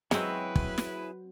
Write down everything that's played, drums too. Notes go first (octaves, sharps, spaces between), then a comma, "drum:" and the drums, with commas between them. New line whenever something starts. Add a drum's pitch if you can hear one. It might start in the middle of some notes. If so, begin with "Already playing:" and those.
F#3 G#3 C4 E4 G#4 B4 C#5, drum: snare
drum: kick
drum: snare